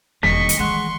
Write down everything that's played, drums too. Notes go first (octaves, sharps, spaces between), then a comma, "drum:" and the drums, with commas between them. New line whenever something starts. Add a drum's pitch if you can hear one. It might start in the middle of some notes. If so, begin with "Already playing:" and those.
E1 D#2 D3 G3 D#5 C#6 B6
drum: hi-hat
D#3 E3 G#3 F#5 C6 C#6